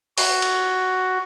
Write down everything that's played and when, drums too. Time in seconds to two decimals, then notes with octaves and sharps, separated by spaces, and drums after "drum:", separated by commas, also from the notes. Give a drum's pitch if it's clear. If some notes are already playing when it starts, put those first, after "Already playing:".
0.18 F#4, drum: open hi-hat
0.42 drum: cymbal